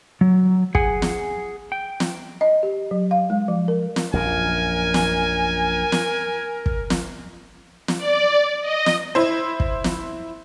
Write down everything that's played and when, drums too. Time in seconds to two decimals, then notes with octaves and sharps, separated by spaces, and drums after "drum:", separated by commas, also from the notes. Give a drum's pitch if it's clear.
0.21 F#3
0.75 G#4 F#5 G#5, drum: kick
1.02 drum: snare
1.72 G5
2.00 drum: snare
2.41 D#5
2.63 G4
2.91 F#3
3.11 F5
3.30 G#3
3.48 F3
3.68 A#4
3.96 drum: snare
4.13 A#1 F#2 A#2 A#4 G#5
4.94 drum: snare
5.92 drum: snare
6.66 drum: kick
6.90 drum: snare
7.88 drum: snare
7.97 D5
8.62 D#5
8.86 drum: snare
9.15 E4 C5
9.60 drum: kick
9.84 drum: snare